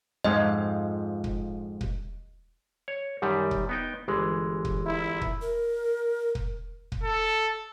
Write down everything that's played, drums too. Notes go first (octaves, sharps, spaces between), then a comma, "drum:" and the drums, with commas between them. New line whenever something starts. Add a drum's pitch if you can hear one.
F2 G#2 F3 D#5
drum: kick
drum: kick
C#5
F#2 D#3 G3
drum: kick
B3 D#4 G5
G1 E3 G#3
drum: kick
E4
drum: kick
A#4
drum: kick
drum: kick
A4